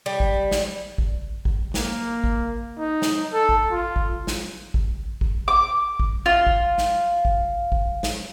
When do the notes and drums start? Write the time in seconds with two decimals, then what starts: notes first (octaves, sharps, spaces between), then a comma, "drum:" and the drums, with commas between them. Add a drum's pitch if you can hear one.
0.06 G3
0.20 drum: kick
0.51 drum: snare
0.98 drum: kick
1.45 drum: kick
1.74 A#3, drum: snare
2.24 drum: kick
2.78 D#4
3.02 drum: snare
3.33 A4
3.49 drum: kick
3.71 F4
3.96 drum: kick
4.27 drum: snare
4.74 drum: kick
5.21 drum: kick
5.48 D6
6.00 drum: kick
6.26 F4
6.47 drum: kick
6.78 drum: snare
7.25 drum: kick
7.72 drum: kick
8.03 drum: snare